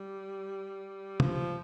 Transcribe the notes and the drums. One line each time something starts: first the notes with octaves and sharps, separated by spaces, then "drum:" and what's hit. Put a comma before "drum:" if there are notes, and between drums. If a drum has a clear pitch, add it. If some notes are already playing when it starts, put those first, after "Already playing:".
Already playing: G3
F3, drum: tom